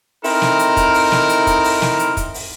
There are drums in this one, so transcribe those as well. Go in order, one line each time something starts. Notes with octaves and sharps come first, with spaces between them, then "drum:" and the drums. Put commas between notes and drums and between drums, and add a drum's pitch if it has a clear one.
C4 D#4 E4 A4 A#4, drum: open hi-hat
drum: snare
drum: hi-hat
drum: kick, hi-hat
drum: open hi-hat
drum: snare
drum: hi-hat
drum: kick, hi-hat
drum: open hi-hat
drum: snare
drum: hi-hat
drum: kick, hi-hat
drum: open hi-hat